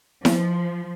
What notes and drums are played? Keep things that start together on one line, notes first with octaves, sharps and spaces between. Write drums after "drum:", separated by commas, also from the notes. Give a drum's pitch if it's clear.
F3, drum: snare E4